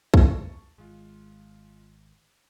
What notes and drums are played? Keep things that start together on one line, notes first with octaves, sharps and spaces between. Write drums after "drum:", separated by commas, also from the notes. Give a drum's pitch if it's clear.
drum: kick
A5 C#6
G#1 G#3 F4